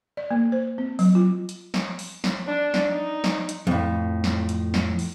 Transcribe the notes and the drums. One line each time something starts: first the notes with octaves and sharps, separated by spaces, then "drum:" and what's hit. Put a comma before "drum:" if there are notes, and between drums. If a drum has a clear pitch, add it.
D5
A#3
C5
C4
F#3, drum: open hi-hat
F4
drum: hi-hat
drum: snare
drum: open hi-hat
drum: snare
D4
drum: snare
D#4
drum: snare
drum: hi-hat
F2 A2
drum: snare
drum: hi-hat
drum: snare
drum: open hi-hat